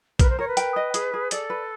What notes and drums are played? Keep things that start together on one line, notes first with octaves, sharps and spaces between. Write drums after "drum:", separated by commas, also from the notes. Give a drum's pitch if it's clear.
A#4 B4, drum: kick B1, hi-hat
C5
A#4 C#5
B4
G5, drum: hi-hat
D#5
G#4, drum: hi-hat
G#4
A4 D5, drum: hi-hat
B4